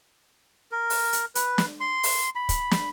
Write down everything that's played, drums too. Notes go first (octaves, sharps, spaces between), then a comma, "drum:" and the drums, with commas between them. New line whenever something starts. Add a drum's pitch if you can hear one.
A#4
drum: open hi-hat
drum: hi-hat
B4, drum: hi-hat
drum: snare
C6
drum: open hi-hat
B5
drum: kick, hi-hat
drum: snare